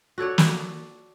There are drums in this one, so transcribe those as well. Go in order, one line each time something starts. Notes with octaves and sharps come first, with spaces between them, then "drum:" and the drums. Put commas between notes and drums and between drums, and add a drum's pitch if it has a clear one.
F#4 A4 C#5 D5
drum: snare